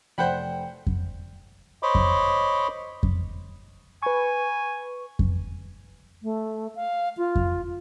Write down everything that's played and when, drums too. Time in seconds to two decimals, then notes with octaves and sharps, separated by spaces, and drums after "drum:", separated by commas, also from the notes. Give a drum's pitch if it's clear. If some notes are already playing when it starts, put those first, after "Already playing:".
0.18 F1 C5 F#5 G5 B5
0.87 drum: kick F2
1.83 C5 C#5 D#5 B5 C6 D6
1.95 drum: kick F2
3.03 drum: kick F2
4.03 B4 G#5 C#6
5.19 drum: kick F2
6.23 A3
6.75 F5
7.17 F4
7.36 drum: kick F2